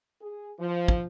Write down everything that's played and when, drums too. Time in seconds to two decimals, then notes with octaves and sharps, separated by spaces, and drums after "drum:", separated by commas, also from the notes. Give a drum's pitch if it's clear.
0.21 G#4
0.59 F3
0.88 drum: kick